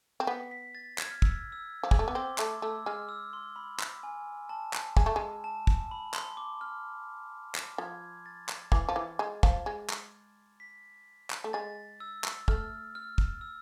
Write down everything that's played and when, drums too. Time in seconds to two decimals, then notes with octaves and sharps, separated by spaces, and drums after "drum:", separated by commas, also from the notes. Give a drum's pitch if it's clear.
0.20 C4
0.27 B3 B6
0.51 B6
0.75 A6
0.98 G#6, drum: clap
1.11 F6
1.22 E6, drum: kick
1.52 E6
1.83 F3 D6
1.91 G#3, drum: kick
1.99 A3
2.08 B3 D6
2.15 C4 C6
2.38 A3 D6, drum: clap
2.62 A3 E6
2.86 G#3 F6
3.09 E6
3.33 C6
3.56 B5
3.80 drum: clap
4.03 G#5
4.49 A5
4.73 drum: clap
4.97 G#3 A5, drum: kick
5.06 A3
5.16 G#3
5.44 A5
5.67 drum: kick
5.91 B5
6.14 C6, drum: clap
6.37 D6
6.61 F6
7.55 drum: clap
7.78 F3 G#6
8.26 A6
8.49 drum: clap
8.72 E3, drum: kick
8.89 F3
8.96 E3
9.19 G#3
9.43 F3, drum: kick
9.66 G#3
9.90 drum: clap
10.60 B6
11.30 drum: clap
11.44 A3
11.53 G#3 A6
12.00 E6
12.24 drum: clap
12.48 A3 F6, drum: kick
12.95 F6
13.18 drum: kick
13.41 E6